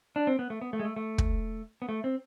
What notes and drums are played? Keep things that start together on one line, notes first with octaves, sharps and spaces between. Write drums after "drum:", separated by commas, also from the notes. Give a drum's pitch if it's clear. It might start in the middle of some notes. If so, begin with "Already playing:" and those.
D4
C4
B3
A3
B3
A3
G#3
A3
A3
drum: kick
B3
A3
C4